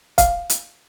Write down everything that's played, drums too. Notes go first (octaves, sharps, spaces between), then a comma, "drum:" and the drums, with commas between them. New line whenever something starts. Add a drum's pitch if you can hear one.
F5, drum: kick, hi-hat
drum: hi-hat